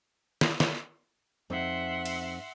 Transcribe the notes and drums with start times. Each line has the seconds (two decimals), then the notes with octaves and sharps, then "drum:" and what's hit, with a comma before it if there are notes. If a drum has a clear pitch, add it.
0.41 drum: snare
0.60 drum: snare
1.50 F2 C4 D#4 E5 F#5 C6
2.05 drum: cymbal